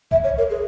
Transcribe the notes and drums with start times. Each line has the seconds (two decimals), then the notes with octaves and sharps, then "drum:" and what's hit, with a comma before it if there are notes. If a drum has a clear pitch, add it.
0.11 E5, drum: kick B1
0.24 C#5
0.38 A#4
0.50 G#4